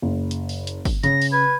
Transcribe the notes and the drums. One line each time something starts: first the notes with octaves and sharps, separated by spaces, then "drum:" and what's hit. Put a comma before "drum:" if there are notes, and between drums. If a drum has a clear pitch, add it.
F#1
drum: hi-hat
drum: open hi-hat
drum: hi-hat
drum: kick G1, open hi-hat
C#3 A#6, drum: hi-hat
drum: open hi-hat
B4 G#6